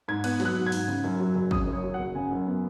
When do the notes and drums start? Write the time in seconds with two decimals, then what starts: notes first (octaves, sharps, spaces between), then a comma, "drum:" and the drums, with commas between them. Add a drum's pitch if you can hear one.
0.08 G#2 G#6
0.24 B3 F#6, drum: cymbal
0.40 F#3, drum: snare
0.45 F#6
0.56 G#2
0.66 G#6
0.72 G#2, drum: open hi-hat
0.88 C#3
1.04 F#2
1.20 F#3
1.35 F#1
1.51 C#3 D#6, drum: kick
1.67 F#2
1.73 C#5
1.83 F#3
1.94 F#5
1.99 F#1
2.15 C#3 G#5
2.31 F#2
2.47 B3